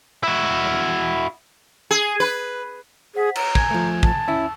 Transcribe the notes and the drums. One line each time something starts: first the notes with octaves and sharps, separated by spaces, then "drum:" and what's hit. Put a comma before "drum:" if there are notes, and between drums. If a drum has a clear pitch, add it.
E4 F#4
G#4
B4
G#4 C5 F#5 B6
C#5 A#5, drum: cymbal
G#5 G#6, drum: kick
F3 A3
A5, drum: kick
C#4 E4 E6